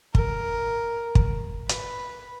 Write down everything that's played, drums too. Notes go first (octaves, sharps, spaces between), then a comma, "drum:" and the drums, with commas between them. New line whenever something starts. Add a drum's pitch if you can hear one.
A#4, drum: kick
drum: kick
B4, drum: hi-hat